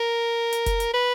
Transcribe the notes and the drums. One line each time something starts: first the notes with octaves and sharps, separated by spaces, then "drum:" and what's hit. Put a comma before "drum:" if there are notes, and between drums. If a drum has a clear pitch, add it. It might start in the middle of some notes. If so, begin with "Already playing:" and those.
Already playing: A#4
drum: hi-hat
drum: kick F1, hi-hat
drum: hi-hat
B4